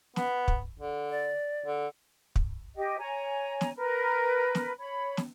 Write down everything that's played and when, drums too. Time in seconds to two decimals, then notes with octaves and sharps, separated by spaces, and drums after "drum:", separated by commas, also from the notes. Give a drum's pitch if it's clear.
0.16 B3, drum: snare
0.48 drum: kick
0.79 D3
1.10 D5
1.66 D3
2.36 drum: kick
2.76 G4 D#5 G5
2.98 C#5 G#5 A#5
3.61 drum: snare
3.76 A#4 B4
4.55 drum: snare
4.78 C#5 B5
5.17 drum: snare